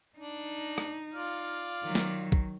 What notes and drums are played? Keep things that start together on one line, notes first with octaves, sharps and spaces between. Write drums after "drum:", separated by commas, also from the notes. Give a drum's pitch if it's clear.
D4 D#4
drum: rim click
F4 D5 F5
D#3 F#3
drum: snare
drum: kick